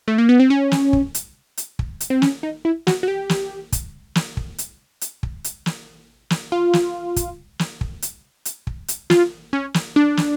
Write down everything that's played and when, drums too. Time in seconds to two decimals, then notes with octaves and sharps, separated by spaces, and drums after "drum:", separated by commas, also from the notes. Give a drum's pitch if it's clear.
0.08 A3
0.18 A#3
0.29 B3
0.40 C4
0.50 C#4
0.71 drum: snare
0.93 drum: kick
1.14 drum: hi-hat
1.57 drum: hi-hat
1.79 drum: kick
2.00 drum: hi-hat
2.10 C4
2.22 C#4, drum: snare
2.43 D#4
2.65 E4
2.87 F#4, drum: snare
3.03 F#4
3.08 G4
3.29 drum: snare
3.72 drum: kick, hi-hat
4.15 drum: snare
4.37 drum: kick
4.58 drum: hi-hat
5.01 drum: hi-hat
5.23 drum: kick
5.44 drum: hi-hat
5.66 drum: snare
6.30 drum: snare
6.52 F4
6.73 drum: snare
7.16 drum: kick, hi-hat
7.59 drum: snare
7.81 drum: kick
8.02 drum: hi-hat
8.45 drum: hi-hat
8.67 drum: kick
8.88 drum: hi-hat
9.10 F4, drum: snare
9.53 C#4
9.74 drum: snare
9.96 D4
10.17 drum: snare